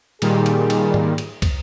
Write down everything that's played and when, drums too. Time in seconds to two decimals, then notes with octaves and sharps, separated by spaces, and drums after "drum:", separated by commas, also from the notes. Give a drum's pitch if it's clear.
0.22 A#2 D#3 G3 G#4, drum: cymbal
0.46 drum: cymbal
0.70 drum: cymbal
0.94 drum: tom G#2
1.18 drum: cymbal
1.42 drum: kick, cymbal